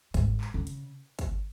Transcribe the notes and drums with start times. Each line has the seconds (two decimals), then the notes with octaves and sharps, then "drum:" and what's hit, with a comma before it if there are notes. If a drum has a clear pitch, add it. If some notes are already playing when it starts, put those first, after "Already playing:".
0.14 G#2, drum: kick, hi-hat
0.41 drum: clap
0.54 C#3
0.67 drum: hi-hat
1.19 drum: kick, hi-hat